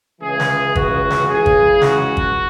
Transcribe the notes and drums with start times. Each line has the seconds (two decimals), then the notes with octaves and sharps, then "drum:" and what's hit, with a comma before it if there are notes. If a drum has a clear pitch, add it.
0.21 C#2 C#3 E3 G#4
0.40 drum: snare
0.76 F#4, drum: kick
1.10 drum: snare
1.28 C#2 C#3 E3 G#4
1.46 drum: kick
1.82 F#4, drum: snare
2.17 drum: kick